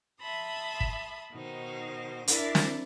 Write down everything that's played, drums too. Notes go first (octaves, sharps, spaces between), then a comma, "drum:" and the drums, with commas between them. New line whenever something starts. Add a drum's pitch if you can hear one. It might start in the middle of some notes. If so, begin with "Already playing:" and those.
E5 A5 B5 C6 D#6
drum: kick
B2 D#3 D#4 C5
D4 E4 A#4 D5 E5, drum: hi-hat
drum: snare